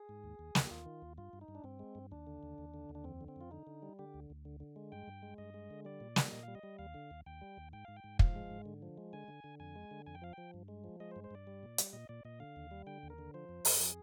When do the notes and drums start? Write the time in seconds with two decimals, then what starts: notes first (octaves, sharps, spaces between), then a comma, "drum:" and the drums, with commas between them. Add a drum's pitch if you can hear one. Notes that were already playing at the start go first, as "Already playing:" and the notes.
Already playing: G#4
0.09 G#2
0.24 D#2
0.39 D#2
0.55 D#2, drum: snare
0.65 G4
0.70 D#2 F4
0.86 D#3
1.02 D#2
1.18 G2 F4
1.33 G2
1.41 D#4
1.48 G2
1.55 D4
1.64 G2 C4
1.79 G#3
1.95 G2
2.11 D#2 D4
2.27 D3
2.43 D#2
2.58 D#2
2.74 D3
2.89 D#2
2.95 D4
3.04 F2 C4
3.21 D3
3.28 C4
3.36 F2 F4
3.51 D3 D#4
3.67 D3
3.82 G3
3.99 D3 G4
4.14 D2
4.30 D2
4.45 D3
4.60 D3
4.76 G#3
4.92 G2 G5
5.07 G2
5.22 G#3
5.38 G2 D#5
5.54 G#3
5.70 D3
5.85 G3 D5
6.00 A#2
6.16 G3, drum: snare
6.32 A#2 D#5
6.43 G3 F5
6.55 D#5
6.63 G3
6.79 D#2 F5
6.94 D3
7.11 D#2
7.26 D#2 G5
7.41 G3
7.57 D#2
7.73 G#2 G5
7.85 G#2 F5
7.96 G5
8.04 G#2
8.19 F3 F5, drum: kick
8.36 G#3
8.51 G#2
8.66 D3
8.82 F3
8.98 G#3
9.13 D3 G#5
9.28 D3
9.44 D3
9.60 F2 G#5
9.76 G#3
9.91 D3
10.06 F2 G#5
10.15 G5
10.22 F3 F5
10.33 F3 G5
10.54 G2
10.68 G#3
10.84 F3
11.00 G#3 D#5
11.11 C5
11.16 G2
11.24 C5
11.31 G2 D5
11.47 G3
11.63 A#2
11.78 G3, drum: hi-hat
11.93 A#2 D#5
12.09 A#2 D5
12.25 A#2 D#5
12.40 D3 F5
12.56 D#2
12.71 G3
12.87 D3 G5
13.03 D#2
13.10 A#4
13.18 D3
13.34 F3 C5
13.49 F2
13.65 F2, drum: open hi-hat
13.80 F3 G#4